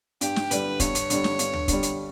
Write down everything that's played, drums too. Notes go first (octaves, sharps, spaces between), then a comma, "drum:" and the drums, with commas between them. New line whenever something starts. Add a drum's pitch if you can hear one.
G2 G4, drum: hi-hat
drum: snare
D3 G3 B4, drum: hi-hat
G2 C#5, drum: kick, hi-hat
drum: hi-hat
D3 G3, drum: hi-hat
drum: snare
G2, drum: hi-hat
drum: tom D2
D3 G3, drum: kick, hi-hat
drum: hi-hat